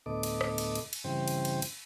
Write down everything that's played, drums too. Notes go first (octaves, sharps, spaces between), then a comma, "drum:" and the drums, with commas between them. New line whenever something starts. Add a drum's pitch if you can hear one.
D2 A2 B3 A4 D#5 D6
drum: cymbal
drum: rim click
drum: cymbal
drum: cymbal
drum: cymbal
G2 C#3 E3 C4 C5 G5
drum: cymbal
drum: cymbal
drum: cymbal